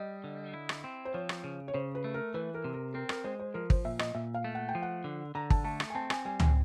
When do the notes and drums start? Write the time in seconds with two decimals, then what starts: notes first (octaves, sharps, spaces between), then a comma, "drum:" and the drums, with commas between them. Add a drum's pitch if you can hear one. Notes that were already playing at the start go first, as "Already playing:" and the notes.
Already playing: G3 D#5
0.24 D3
0.54 E4
0.69 drum: rim click
0.84 C4
1.05 C5
1.14 F3 C#5
1.29 drum: rim click
1.44 C#3
1.68 C#5
1.74 C#3 C5
1.95 B4
2.04 A3
2.14 A#4
2.34 E3 B4
2.54 A#4
2.64 C3
2.74 A#4
2.94 C4 A#4
3.09 A#4, drum: rim click
3.24 G#3 C5
3.39 C5
3.54 F3 A#4
3.70 C5, drum: kick
3.85 A#2 E5
3.99 D#5, drum: rim click
4.15 A#2 E5
4.34 F5
4.44 A3
4.55 F#5
4.69 G5
4.75 F3
4.82 F#5
5.04 D3
5.35 D3 A#5
5.50 A5, drum: kick
5.64 A3 A5
5.80 drum: rim click
5.90 G#5
5.95 C4 A5
6.10 G#5, drum: rim click
6.25 G3 G#5
6.40 G#5, drum: tom C#2